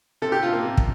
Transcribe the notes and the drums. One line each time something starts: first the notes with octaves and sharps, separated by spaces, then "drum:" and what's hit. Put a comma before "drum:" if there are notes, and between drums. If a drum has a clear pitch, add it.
C3 A4
G4
C3 F4
A#3
C3
drum: kick